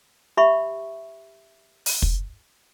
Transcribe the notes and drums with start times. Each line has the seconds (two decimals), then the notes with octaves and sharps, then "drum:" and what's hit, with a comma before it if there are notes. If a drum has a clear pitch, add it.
0.37 G4 E5 B5 C#6
1.86 drum: open hi-hat
2.02 drum: kick